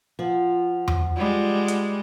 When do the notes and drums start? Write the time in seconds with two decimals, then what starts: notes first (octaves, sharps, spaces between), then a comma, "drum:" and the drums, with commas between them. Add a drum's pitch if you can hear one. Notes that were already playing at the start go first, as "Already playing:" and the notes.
0.19 F3 F4 F#5
0.88 drum: tom E2
1.16 G3 G#3
1.68 drum: hi-hat